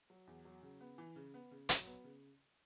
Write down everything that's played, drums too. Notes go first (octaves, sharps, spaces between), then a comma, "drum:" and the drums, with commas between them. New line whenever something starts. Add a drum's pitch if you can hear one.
F#3
E2
F#3
C#3
B3
E3
C#3
B3
C#3
F#3, drum: hi-hat
B3
C#3